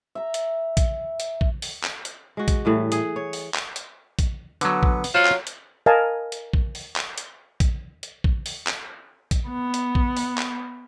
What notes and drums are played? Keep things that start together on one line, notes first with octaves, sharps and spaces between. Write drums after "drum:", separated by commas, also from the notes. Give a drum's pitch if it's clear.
E5 A#5
drum: hi-hat
drum: kick A#1, hi-hat
drum: hi-hat
drum: kick A#1
drum: open hi-hat
drum: clap
drum: hi-hat
G#3 F#4
drum: kick A#1, hi-hat
A2 E3 G3
G#4, drum: hi-hat
C#5
drum: open hi-hat
drum: clap
drum: hi-hat
drum: kick A#1, hi-hat
D3 F#3 B3, drum: hi-hat
drum: kick A#1
drum: open hi-hat
F#3 F4 C5 F#5
drum: clap
drum: hi-hat
A#4 D#5 F5 G#5 A5
drum: hi-hat
drum: kick A#1
drum: open hi-hat
drum: clap
drum: hi-hat
drum: kick A#1, hi-hat
drum: hi-hat
drum: kick A#1
drum: open hi-hat
drum: clap
drum: kick A#1, hi-hat
B3
drum: hi-hat
drum: kick A#1
drum: open hi-hat
drum: clap